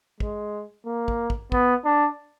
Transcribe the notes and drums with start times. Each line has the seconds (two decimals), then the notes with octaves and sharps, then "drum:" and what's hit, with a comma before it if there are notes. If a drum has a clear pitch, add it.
0.20 G#3, drum: kick
0.86 A#3
1.08 drum: kick
1.30 drum: kick
1.52 B3, drum: kick
1.85 D4